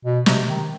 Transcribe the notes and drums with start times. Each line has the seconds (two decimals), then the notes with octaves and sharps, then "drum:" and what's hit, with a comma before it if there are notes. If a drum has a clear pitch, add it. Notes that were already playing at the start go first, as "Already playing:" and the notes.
0.05 B2
0.26 C3, drum: snare
0.48 D#3